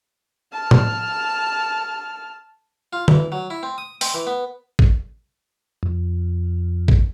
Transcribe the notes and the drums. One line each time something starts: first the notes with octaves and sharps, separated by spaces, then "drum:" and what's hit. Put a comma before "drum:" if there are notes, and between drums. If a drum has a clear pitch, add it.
A5 F6
drum: tom A2
F4
E3, drum: tom D3
F#3
E4
C4
D#6
C4, drum: open hi-hat
E3
B3
drum: kick
F2
drum: kick